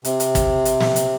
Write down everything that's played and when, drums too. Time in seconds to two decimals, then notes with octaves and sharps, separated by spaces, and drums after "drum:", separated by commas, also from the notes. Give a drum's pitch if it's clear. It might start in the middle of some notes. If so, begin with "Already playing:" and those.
0.05 C3, drum: hi-hat
0.20 drum: hi-hat
0.35 drum: kick, hi-hat
0.65 drum: hi-hat
0.81 drum: snare
0.96 drum: hi-hat